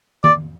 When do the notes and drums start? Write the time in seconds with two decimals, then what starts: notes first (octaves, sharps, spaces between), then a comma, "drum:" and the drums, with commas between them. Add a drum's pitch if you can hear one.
0.24 D5, drum: tom D#3